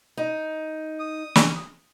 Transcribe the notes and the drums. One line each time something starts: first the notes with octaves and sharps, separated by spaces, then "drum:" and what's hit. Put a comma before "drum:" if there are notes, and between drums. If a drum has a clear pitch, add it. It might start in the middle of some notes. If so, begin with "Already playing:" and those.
D#4
D#6
drum: snare